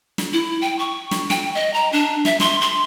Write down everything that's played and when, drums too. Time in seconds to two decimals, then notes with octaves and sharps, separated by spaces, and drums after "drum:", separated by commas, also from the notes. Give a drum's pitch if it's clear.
0.18 drum: snare
0.33 E4
0.62 G5
0.79 C#6
1.11 drum: snare
1.30 G5, drum: snare
1.55 D#5
1.74 A#5
1.92 D4
2.25 E5, drum: snare
2.40 C6, drum: snare
2.61 C6